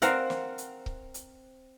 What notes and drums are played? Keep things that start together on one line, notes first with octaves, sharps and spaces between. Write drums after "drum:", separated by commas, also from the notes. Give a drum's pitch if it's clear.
C4 A#4 F5 F#5, drum: hi-hat
drum: snare
drum: hi-hat
drum: kick C#1
drum: hi-hat